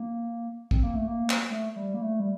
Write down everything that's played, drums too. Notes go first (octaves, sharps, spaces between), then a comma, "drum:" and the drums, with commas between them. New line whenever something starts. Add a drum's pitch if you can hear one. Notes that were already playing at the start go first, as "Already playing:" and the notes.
Already playing: A#3
C4, drum: kick
A#3
A3
A#3
drum: clap
A3
G3
A#3
A3
G3